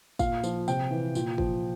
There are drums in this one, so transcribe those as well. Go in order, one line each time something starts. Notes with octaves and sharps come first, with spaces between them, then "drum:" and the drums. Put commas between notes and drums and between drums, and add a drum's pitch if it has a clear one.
A#2 F5, drum: kick, tambourine
F3, drum: tambourine
C3 G5, drum: tambourine
E3
A#2, drum: tambourine
F3, drum: kick